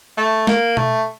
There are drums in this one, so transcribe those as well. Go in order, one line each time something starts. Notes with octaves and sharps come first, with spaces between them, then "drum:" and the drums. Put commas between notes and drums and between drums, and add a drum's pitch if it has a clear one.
A3
A#3, drum: snare
A3, drum: tom B2